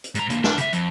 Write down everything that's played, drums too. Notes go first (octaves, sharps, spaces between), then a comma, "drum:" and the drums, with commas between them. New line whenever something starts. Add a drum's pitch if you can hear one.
drum: hi-hat
G#2 A#5, drum: hi-hat
D3 A#3, drum: hi-hat
D4, drum: snare
C#3 E5, drum: hi-hat
F2, drum: hi-hat